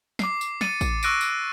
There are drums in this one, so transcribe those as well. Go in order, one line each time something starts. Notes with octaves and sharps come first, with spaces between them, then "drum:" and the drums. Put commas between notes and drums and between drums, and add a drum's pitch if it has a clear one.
D6 C7, drum: snare
drum: tambourine
A6 C#7 D#7, drum: snare
drum: kick A1, tambourine
C#6 E6 F#6 A#6 D7 D#7, drum: tambourine
drum: tambourine